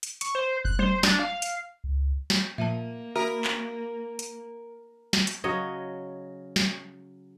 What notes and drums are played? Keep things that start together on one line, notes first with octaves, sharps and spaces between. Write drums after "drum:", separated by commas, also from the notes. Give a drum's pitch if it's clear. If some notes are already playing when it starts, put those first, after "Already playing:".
drum: hi-hat
C#6, drum: hi-hat
C5
F#6, drum: kick F1
C5, drum: tom
D4, drum: snare
F5
drum: hi-hat
C#2
drum: snare
A#2 F3 A#3 E5 A5 D#7
F#4 A#4 E5 B5
drum: clap
drum: hi-hat
drum: snare
drum: hi-hat
C#3 F#3 C#5 D#5
drum: snare